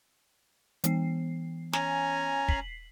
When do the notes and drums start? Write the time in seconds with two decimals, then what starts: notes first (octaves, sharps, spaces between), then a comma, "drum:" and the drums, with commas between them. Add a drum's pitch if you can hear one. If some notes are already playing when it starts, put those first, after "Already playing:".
0.84 E3 B3 C7, drum: hi-hat
1.73 C#4 G#5 A#5, drum: snare
2.48 B6 C7 F#7, drum: kick